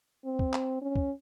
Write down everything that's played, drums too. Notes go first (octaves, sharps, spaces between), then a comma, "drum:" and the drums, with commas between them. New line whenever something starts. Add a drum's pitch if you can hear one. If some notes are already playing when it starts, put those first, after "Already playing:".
C4
drum: kick
drum: clap
C#4
drum: kick